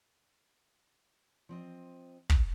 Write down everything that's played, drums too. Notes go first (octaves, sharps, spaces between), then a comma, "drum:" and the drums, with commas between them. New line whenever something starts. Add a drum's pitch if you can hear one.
F3 C4 D#5
drum: kick